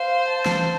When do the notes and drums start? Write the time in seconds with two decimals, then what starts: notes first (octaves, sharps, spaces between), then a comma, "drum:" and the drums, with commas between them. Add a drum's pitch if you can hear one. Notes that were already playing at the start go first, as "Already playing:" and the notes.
Already playing: C5 F5
0.28 A5
0.46 drum: snare